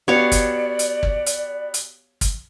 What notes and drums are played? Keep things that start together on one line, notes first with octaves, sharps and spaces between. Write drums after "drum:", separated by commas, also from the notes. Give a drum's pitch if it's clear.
B3 F#4 G4 C#5 D5 F5
drum: kick, hi-hat
drum: hi-hat
drum: kick
drum: hi-hat
drum: hi-hat
drum: kick, hi-hat